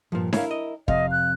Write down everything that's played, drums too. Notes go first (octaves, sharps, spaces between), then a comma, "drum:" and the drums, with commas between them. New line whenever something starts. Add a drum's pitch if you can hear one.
G2 A#2 F3 F4
E4 A#4 C#5 F5, drum: snare D4
D#5
F2 C3 D#5 F5, drum: kick
F#6